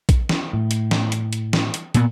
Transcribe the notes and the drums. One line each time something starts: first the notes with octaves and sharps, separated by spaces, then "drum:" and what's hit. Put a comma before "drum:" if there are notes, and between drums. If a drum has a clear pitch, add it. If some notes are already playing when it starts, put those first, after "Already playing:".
drum: kick, hi-hat
drum: snare
A2
drum: hi-hat
drum: snare
drum: hi-hat
drum: hi-hat
drum: snare
drum: hi-hat
A#2 B3, drum: hi-hat